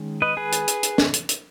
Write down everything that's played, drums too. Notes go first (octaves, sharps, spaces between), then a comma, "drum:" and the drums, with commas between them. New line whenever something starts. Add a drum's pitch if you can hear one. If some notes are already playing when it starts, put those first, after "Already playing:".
Already playing: D#3 G#3 C#4
B4 D#5
G#4 B4
drum: hi-hat
drum: hi-hat
drum: hi-hat
drum: snare
drum: hi-hat
drum: hi-hat